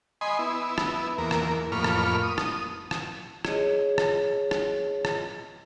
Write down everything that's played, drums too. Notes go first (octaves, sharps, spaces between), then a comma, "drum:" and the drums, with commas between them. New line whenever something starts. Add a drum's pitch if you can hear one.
D#5 G#5 B5 C6
B3 E4
drum: rim click
E2 A#3 A#4
drum: rim click
F2 A2 A#3 B5 C#6 F6
drum: rim click
D#6
drum: rim click
drum: rim click
G#4 C#5 D#5, drum: rim click
drum: rim click
drum: rim click
drum: rim click